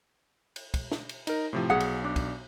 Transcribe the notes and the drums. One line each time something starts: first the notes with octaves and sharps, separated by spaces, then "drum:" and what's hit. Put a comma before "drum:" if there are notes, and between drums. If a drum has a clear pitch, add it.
drum: cymbal
drum: kick, cymbal
drum: snare
drum: cymbal
D#4 A#4, drum: cymbal
A2 C3 F3
B1 G#4 F#5
drum: cymbal
D4
drum: kick, cymbal